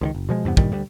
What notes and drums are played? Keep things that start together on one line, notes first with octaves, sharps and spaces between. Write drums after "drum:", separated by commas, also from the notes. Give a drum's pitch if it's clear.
C#2 D3 D#3
F#1
B2 F3 G#3
E2 G2 C3 B3
G2 A#2 D#3 G3, drum: kick
D2 G3